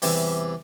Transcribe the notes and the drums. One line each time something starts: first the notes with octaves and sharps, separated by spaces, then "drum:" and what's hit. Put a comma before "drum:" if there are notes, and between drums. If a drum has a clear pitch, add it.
E2 C3 E3 G3, drum: open hi-hat